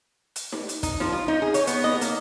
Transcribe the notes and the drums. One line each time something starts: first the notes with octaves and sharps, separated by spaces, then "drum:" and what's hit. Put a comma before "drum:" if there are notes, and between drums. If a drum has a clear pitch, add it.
drum: hi-hat
drum: snare D#4
drum: hi-hat
D#4, drum: kick, hi-hat
F3, drum: snare D#4
F4
D#4
G#4
C#5, drum: hi-hat
B3, drum: hi-hat
D#5, drum: snare D#4
A#3, drum: hi-hat